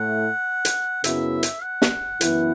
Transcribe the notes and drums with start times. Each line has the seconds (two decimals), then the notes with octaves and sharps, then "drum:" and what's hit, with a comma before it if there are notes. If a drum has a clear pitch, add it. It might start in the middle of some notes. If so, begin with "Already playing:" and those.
Already playing: A2 A3 E4 F#5
0.65 drum: hi-hat
1.04 F#2 C#3 F#3 B3 E4 E5, drum: hi-hat
1.43 drum: hi-hat
1.62 F#5
1.82 drum: snare
2.21 F#2 E3 B3 E4, drum: hi-hat